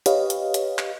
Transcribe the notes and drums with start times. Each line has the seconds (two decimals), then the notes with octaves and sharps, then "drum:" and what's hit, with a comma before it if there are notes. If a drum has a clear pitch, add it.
0.06 G4 B4 C#5 D#5 F5, drum: hi-hat
0.30 drum: hi-hat
0.54 drum: hi-hat
0.79 drum: clap